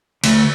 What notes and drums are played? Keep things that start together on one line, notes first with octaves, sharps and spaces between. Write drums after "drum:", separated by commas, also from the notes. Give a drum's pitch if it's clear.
D2, drum: cymbal